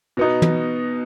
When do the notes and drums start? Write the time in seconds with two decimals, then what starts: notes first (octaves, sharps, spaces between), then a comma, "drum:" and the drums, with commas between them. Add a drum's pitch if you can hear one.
0.17 B2 B3 D#4
0.42 drum: tom